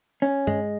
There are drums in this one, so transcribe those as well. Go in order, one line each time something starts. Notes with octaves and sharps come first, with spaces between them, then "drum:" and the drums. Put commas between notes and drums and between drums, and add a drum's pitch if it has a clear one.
C#4
G#3, drum: tom G2